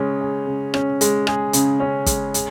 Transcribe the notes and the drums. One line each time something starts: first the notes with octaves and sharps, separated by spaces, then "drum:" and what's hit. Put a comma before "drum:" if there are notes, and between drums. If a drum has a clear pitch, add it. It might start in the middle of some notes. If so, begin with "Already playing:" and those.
Already playing: C#3 G#3 C#4
G#4
C#3
C#4, drum: rim click
G#3, drum: hi-hat
G#4, drum: rim click
C#3, drum: hi-hat
C#4
G#3, drum: kick, hi-hat
G#4, drum: hi-hat